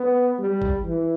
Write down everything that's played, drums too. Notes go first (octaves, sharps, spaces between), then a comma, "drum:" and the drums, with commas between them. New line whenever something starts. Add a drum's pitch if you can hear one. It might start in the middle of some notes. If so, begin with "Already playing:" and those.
Already playing: B3
G3
drum: kick G#1
E3